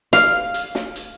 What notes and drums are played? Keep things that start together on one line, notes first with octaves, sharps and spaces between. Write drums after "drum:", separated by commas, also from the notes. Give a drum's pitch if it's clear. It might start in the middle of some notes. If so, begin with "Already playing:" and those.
F5, drum: snare
drum: hi-hat
drum: snare
drum: hi-hat